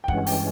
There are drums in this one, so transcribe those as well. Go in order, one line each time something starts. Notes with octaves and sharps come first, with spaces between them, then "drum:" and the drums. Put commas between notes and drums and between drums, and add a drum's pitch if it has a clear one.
G5
G2 E3 G#3 C#4 F#5, drum: kick
G5, drum: open hi-hat